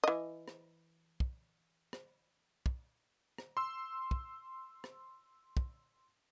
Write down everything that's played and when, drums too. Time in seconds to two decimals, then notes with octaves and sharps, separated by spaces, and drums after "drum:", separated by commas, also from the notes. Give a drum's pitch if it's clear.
0.04 E3 D#5
0.48 drum: rim click
1.20 drum: kick
1.93 drum: rim click
2.66 drum: kick
3.38 drum: rim click
3.57 C6 E6
4.11 drum: kick
4.84 drum: rim click
5.57 drum: kick